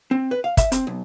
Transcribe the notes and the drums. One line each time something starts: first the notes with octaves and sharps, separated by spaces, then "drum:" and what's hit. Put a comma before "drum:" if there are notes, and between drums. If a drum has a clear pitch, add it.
C4
B4
F5
E5, drum: kick, hi-hat
C4, drum: hi-hat
B1